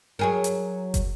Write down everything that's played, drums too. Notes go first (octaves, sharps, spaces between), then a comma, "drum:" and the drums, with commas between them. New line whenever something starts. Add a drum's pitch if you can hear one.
F#3 G#4 A#4
drum: hi-hat
drum: kick, hi-hat